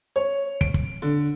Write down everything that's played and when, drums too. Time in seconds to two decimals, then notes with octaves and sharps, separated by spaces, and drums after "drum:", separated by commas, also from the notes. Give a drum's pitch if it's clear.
0.16 C#5
0.61 D7, drum: kick
0.74 drum: kick
1.02 D3